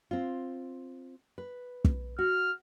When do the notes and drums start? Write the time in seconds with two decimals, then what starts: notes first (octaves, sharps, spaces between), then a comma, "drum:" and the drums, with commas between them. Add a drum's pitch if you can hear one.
0.11 C4 F4
1.38 B4
1.85 drum: kick
2.19 F#4 F6